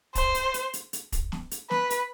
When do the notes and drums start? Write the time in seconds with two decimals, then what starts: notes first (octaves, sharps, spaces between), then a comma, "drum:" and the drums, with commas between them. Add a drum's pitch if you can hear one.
0.15 C5, drum: kick, hi-hat
0.35 drum: hi-hat
0.54 drum: hi-hat
0.73 drum: hi-hat
0.93 drum: hi-hat
1.12 drum: kick, hi-hat
1.32 drum: snare
1.51 drum: hi-hat
1.71 B4, drum: snare
1.90 drum: hi-hat